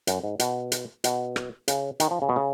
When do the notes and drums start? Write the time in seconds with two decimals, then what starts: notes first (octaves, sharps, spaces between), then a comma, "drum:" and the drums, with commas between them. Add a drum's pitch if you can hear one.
0.07 F#2, drum: hi-hat
0.24 G#2
0.40 B2, drum: hi-hat
0.72 drum: hi-hat
1.04 B2, drum: hi-hat
1.36 drum: rim click
1.68 C#3, drum: hi-hat
2.00 D#3, drum: hi-hat
2.11 F3
2.22 C#3
2.29 B2
2.36 C#3